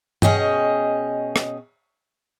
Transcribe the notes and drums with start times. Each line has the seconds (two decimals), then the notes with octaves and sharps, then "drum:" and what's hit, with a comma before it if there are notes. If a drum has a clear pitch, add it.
0.22 B2 C#4 G#4 D#5 G5, drum: tom G2
1.36 drum: rim click